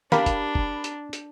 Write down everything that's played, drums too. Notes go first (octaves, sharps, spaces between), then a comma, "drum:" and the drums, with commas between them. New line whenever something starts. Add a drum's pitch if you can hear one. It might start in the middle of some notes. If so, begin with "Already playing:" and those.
D4 G4 A#4 F5 B5, drum: snare
drum: kick, hi-hat
drum: kick
drum: hi-hat
drum: hi-hat